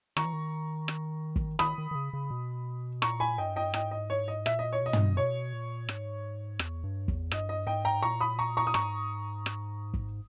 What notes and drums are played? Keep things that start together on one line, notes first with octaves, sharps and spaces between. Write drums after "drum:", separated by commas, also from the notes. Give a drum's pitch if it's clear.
D#3 A#5 C#6, drum: rim click
E3
D#3
drum: rim click
drum: kick
D#3 B5 D#6, drum: rim click
D#3
D#3
C#3
C#3
B2
A#2 A#5 C#6, drum: rim click
G#5 B5
G2 D#5 G5
D#5 G5
G#2 D#5 G5, drum: rim click
D#5
C#5
D#5
A#2 E5, drum: rim click
D#5
C#5
B2 D#5
drum: tom
B2 C#5
A#2
G#2, drum: rim click
E2, drum: rim click
G2
E2, drum: kick
G2 D#5, drum: rim click
D#5
G#2 D#5 G5
G5 A#5
A#2 A#5 C#6
B5 D#6
A#5 C#6
A#5 C#6
D#6
G#2 A#5 C#6, drum: rim click
drum: rim click
drum: kick